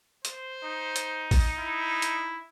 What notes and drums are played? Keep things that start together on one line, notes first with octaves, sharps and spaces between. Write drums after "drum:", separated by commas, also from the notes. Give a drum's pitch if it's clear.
C5, drum: hi-hat
D#4
drum: hi-hat
drum: kick A1, open hi-hat
E4
drum: hi-hat